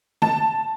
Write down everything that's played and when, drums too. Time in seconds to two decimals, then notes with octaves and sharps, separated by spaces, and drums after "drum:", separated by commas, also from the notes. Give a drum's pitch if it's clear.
0.22 A5, drum: tom